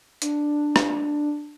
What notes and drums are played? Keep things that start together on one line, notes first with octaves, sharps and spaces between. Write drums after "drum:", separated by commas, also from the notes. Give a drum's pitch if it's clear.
D4, drum: hi-hat
drum: rim click